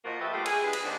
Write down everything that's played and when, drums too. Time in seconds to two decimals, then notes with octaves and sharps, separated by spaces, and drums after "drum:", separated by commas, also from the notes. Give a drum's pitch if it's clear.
0.05 A#2 F3 A#3 F#4 D#5 F#5
0.20 G4 A4 B4 D#5 E5
0.33 G3 A3 B3 F4 D5
0.46 G#4, drum: cymbal
0.64 G2 B4
0.73 drum: cymbal
0.84 D#2 D#3 D4 G#4 B4 C5